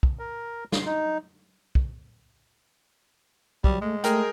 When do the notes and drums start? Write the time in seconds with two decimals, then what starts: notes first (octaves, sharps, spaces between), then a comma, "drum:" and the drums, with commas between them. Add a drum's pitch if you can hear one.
0.03 drum: kick
0.19 A#4
0.72 C6, drum: snare
0.86 D#4
1.75 drum: kick
3.64 F#3 G3, drum: kick
3.82 G#3 A3
4.04 A3 G#4 A#4 G5, drum: hi-hat